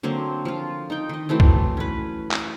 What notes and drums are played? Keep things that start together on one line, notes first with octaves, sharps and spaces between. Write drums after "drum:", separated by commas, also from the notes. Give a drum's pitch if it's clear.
D3 F#3 A#3 C4
F3 F4
D#4 G5
D#3 D#5
E3 F#3 A3 C4
drum: kick C2
C#4 B4
drum: clap